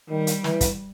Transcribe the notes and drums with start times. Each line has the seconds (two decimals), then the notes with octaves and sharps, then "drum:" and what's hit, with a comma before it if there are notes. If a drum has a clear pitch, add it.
0.10 D#3 G3
0.27 drum: hi-hat
0.44 E3, drum: snare
0.61 drum: kick, hi-hat